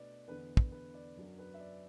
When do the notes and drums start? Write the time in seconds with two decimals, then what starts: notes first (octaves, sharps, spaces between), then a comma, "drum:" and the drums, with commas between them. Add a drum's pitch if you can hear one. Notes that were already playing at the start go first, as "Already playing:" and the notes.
Already playing: B2 A3 D4 B4 D5
0.27 E2 D3 B3 B4
0.57 drum: kick
0.71 B4
0.94 D5
1.16 F#2 F#3 D4
1.38 B4
1.54 E5
1.60 D5